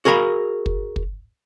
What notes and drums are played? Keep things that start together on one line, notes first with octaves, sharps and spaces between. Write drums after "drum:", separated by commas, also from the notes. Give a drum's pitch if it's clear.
F#4 G#4 A#4 F5 B5
drum: kick
drum: kick